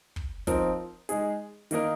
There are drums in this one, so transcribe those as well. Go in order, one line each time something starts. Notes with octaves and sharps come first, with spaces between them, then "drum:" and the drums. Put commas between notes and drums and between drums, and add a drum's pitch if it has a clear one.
drum: kick
F3 C4 D#4 A#4, drum: kick, hi-hat
G#3 D#4 G#4, drum: hi-hat
D#3 A#3 D#4 A#4, drum: hi-hat